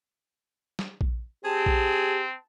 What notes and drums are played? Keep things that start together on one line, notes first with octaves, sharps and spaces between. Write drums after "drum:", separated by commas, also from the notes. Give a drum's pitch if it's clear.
drum: snare
drum: kick A#1
C4 G4 G#4 A5
drum: kick A#1